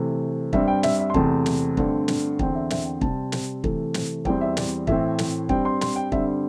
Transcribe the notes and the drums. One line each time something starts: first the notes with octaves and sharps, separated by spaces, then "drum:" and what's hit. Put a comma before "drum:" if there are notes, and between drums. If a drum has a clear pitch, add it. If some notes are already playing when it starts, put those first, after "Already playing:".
Already playing: C3 E3 A3
G2 G3 C4 E5, drum: kick
G5
E5, drum: snare
E5
C6
E2 C3 A3 C4 A5, drum: kick
drum: snare
G2 D3 A3 C4, drum: kick
drum: snare
E2 D3 C4 G5, drum: kick
E5
E5, drum: snare
G5
C3 G3 C4 A5, drum: kick
drum: snare
C3 E3 A3, drum: kick
drum: snare
E2 E3 G3 C4 G5, drum: kick
E5
D5, drum: snare
A2 E3 A3 C4 E5, drum: kick
drum: snare
G2 G3 C4 G5, drum: kick
C6
C6, drum: snare
G5
G2 D3 G3 C4 E5, drum: kick